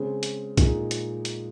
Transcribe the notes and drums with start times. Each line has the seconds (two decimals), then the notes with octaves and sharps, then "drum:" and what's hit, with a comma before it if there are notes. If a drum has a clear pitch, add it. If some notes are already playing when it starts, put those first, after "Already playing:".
Already playing: C#3 G#3 C4
0.23 drum: hi-hat
0.57 A#2 G#3 D#4, drum: kick, hi-hat
0.91 drum: hi-hat
1.25 drum: hi-hat